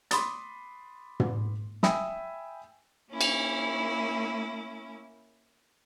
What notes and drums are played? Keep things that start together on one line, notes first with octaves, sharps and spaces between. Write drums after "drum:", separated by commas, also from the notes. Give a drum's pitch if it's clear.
B5 C6 D6 D#6 A6, drum: hi-hat
drum: tom
E5 G5 G#5 B5 D#6 E6, drum: snare
A#3 C#4 E4
drum: cymbal